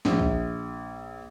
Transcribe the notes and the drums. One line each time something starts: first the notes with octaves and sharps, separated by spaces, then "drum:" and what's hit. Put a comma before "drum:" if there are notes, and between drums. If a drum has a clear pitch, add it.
A#1, drum: snare
drum: kick